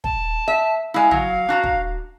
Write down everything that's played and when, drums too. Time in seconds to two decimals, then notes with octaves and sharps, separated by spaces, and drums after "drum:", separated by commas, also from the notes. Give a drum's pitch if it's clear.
0.04 A5, drum: kick
0.48 E5
0.94 G#3 E4 F5
1.11 F#3, drum: tom
1.49 D4 F#4 A#5
1.64 drum: kick